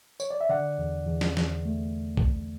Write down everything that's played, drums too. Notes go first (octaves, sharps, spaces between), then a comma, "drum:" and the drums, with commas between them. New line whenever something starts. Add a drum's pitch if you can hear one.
C#5, drum: tambourine
D5
E5
D3 D5 F#5
E2
E2
drum: snare
E2, drum: snare
A3
drum: kick A#1